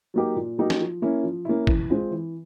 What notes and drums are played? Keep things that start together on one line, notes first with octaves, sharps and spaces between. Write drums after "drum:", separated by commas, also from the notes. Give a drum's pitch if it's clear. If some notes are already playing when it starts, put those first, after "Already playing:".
F#3 A#3 D#4 G4
A#2
F#3 A#3 D#4 G4
drum: snare
F3
A#3 C#4 E4
F3
A#3 C#4 E4
E3, drum: kick
G#3 C4 F4
E3